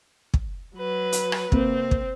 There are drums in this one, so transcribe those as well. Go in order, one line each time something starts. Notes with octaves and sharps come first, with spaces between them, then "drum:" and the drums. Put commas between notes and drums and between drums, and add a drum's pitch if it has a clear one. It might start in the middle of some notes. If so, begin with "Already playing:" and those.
drum: kick
F#3 B4
drum: hi-hat
drum: rim click
C3 A#3 C4, drum: kick
drum: kick